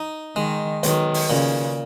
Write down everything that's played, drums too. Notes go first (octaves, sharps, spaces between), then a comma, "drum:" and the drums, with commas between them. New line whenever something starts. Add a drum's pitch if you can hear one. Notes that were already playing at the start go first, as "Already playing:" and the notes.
Already playing: D#4
D#3 G#3
B1 D#3, drum: hi-hat
drum: open hi-hat
A#2 C#3